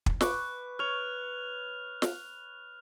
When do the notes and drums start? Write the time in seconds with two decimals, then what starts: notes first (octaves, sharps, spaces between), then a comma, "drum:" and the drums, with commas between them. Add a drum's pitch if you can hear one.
0.06 drum: kick
0.21 B4 C#6 D6 F#6, drum: snare
0.79 C#5 F6 F7
2.02 drum: snare